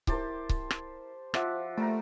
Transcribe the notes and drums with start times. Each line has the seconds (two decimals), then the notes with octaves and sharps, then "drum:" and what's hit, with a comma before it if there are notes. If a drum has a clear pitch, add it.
0.07 E4 G4 A#4 C5 A5, drum: kick C#1
0.49 drum: kick C#1
0.71 drum: rim click
1.34 F3 F4 E5 F#5 D6, drum: rim click
1.77 G3 A3 A#3 A#5